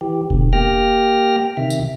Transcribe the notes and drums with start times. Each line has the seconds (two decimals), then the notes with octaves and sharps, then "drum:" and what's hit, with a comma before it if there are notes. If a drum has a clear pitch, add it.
0.01 E3 G4
0.30 B2 D3, drum: kick E1
0.53 A#3 G4 G5 F6 A#6
1.57 C3 D#3 E5
1.70 drum: tambourine